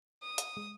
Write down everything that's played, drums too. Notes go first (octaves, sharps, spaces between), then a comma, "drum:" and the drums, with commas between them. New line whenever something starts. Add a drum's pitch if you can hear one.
D#6
drum: hi-hat
G#3